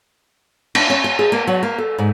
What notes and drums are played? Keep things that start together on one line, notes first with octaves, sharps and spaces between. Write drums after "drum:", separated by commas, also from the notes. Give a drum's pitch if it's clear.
D4, drum: cymbal
C#4
G#5
G#4
A#3
F#3
A#3
A4
G#2